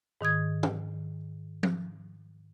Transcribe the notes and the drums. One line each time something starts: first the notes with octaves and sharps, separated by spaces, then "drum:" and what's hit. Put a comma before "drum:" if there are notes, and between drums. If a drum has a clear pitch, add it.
G#2 D#3 D#6 G#6
drum: tom
drum: tom F3